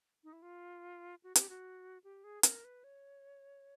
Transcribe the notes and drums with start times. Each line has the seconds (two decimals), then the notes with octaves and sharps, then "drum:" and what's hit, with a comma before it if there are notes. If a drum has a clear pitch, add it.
0.24 D#4
0.33 E4
0.42 F4
1.24 F#4
1.35 G4, drum: hi-hat
1.49 F#4
2.04 G4
2.24 G#4
2.43 A#4, drum: hi-hat
2.64 B4
2.84 C#5